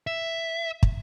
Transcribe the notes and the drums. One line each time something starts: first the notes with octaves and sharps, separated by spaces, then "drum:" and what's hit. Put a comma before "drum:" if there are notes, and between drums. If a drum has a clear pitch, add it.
E5
drum: kick